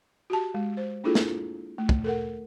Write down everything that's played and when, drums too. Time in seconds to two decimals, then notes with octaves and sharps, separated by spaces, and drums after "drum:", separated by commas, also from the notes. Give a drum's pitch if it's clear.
0.30 F#4 G4 A5
0.54 G#3
0.77 C5
1.04 A#3 D4 E4 F4 G#4 A4
1.15 drum: snare
1.78 A3
1.89 drum: kick
2.04 A4 A#4 F#5